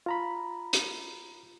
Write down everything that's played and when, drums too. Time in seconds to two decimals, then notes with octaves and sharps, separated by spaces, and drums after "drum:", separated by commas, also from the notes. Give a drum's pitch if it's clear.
0.06 F4 A#5 B5
0.73 drum: hi-hat